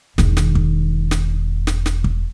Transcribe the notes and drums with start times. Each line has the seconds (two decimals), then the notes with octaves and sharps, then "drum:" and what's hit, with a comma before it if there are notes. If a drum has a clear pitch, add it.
0.18 E1 D#3, drum: snare
0.37 drum: snare
0.55 drum: kick
1.11 drum: snare
1.67 drum: snare
1.86 drum: snare
2.04 drum: kick